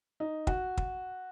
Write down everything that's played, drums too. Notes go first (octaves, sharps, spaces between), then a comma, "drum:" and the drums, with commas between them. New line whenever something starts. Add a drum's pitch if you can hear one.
D#4
F#4, drum: kick
drum: kick